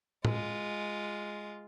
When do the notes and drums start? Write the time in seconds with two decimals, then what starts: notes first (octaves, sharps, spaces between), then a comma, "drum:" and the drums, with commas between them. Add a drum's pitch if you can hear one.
0.25 G#3 F4, drum: tom